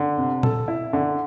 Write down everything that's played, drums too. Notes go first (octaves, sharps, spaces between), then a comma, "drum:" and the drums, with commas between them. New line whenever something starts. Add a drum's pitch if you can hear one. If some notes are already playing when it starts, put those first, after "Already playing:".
Already playing: D3
C3
A4, drum: tom A#2
E4
D3